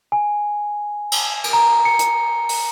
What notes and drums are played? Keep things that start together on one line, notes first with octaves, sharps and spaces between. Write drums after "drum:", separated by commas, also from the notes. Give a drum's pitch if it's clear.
G#5
drum: cymbal
drum: cymbal
A#5
C#7
drum: hi-hat
drum: open hi-hat